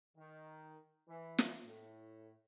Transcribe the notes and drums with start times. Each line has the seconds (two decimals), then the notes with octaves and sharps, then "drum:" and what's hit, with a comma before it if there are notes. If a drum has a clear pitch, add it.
0.17 D#3
1.08 E3
1.38 drum: snare
1.63 A2